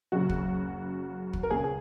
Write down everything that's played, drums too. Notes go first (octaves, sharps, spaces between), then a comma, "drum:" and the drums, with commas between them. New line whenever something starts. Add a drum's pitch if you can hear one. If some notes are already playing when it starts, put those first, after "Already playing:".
F#1 F#2 C#3 F#4
drum: kick
drum: kick
A#4
C#2 C#3 G#4
G#4